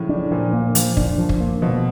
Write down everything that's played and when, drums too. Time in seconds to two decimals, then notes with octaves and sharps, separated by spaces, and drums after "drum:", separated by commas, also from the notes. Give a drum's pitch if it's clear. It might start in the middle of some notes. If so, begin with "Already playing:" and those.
Already playing: A2 C#3 F3 F#3
0.09 D4
0.31 A#2 F3
0.53 A#3
0.75 F3, drum: hi-hat
0.97 D4, drum: kick
1.18 F3
1.29 drum: kick
1.40 A#3
1.62 B2 F3